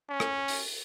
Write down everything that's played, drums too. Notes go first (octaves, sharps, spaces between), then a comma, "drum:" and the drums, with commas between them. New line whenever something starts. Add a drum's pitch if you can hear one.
C#4
drum: rim click
drum: open hi-hat